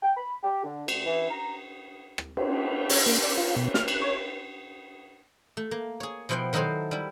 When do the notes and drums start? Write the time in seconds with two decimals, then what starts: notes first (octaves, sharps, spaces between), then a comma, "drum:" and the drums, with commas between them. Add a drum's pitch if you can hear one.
0.03 G5
0.16 B5
0.43 G4
0.64 D3
0.88 D2, drum: cymbal
1.06 E3
1.30 A#5
2.18 drum: rim click
2.37 drum: cymbal
2.89 C#5, drum: open hi-hat
3.06 A#3
3.23 D5
3.38 F4
3.56 B2
3.74 F6, drum: snare
3.88 F#6, drum: cymbal
4.02 C#5
5.57 A3
5.71 A#3
6.00 G#4 C#5
6.29 B2 F3 E4 C5 F#5 G5
6.53 D#3 F#3 D#4 E4 A4 C5
6.91 G3 E4